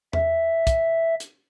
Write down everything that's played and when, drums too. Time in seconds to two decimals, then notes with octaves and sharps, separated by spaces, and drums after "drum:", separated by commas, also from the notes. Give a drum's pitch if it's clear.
0.13 E5, drum: tom E2
0.67 drum: kick, hi-hat
1.20 drum: hi-hat